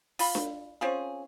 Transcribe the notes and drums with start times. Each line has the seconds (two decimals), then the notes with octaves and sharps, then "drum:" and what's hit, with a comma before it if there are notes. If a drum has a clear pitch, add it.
0.19 F4 B5, drum: open hi-hat
0.35 drum: snare D4
0.81 C4 C#4 F4 G#4